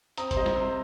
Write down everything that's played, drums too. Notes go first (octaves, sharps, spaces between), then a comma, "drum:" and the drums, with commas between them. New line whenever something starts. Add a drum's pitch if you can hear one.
C4 A#5 D#6, drum: hi-hat
C5, drum: kick G1, hi-hat
G3 D#5
drum: snare
C3 C5